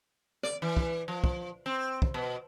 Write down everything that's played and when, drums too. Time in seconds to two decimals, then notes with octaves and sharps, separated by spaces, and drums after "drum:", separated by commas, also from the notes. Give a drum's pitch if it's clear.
0.43 D5, drum: rim click
0.62 E3
0.77 drum: kick
1.08 F3
1.24 drum: kick
1.66 C4
2.02 drum: kick
2.14 B2